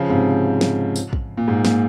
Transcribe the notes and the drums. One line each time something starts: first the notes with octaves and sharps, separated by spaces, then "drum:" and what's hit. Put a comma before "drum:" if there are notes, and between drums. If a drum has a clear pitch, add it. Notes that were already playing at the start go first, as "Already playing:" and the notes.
Already playing: C#3 F3
G#2 C3
drum: snare
drum: tambourine
drum: kick
A#2
G#2
A#2, drum: snare